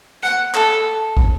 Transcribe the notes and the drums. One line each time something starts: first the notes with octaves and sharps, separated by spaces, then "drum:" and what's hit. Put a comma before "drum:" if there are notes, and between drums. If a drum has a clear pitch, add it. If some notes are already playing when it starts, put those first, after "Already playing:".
F#5
A4, drum: clap
drum: kick